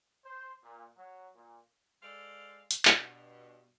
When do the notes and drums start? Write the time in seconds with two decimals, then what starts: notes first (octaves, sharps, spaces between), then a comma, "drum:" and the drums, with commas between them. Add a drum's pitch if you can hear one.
0.25 C5
0.63 A#2
0.97 F#3
1.35 A#2
2.03 G#3 A4 C5 D5 F5
2.71 drum: hi-hat
2.85 G2 B2, drum: clap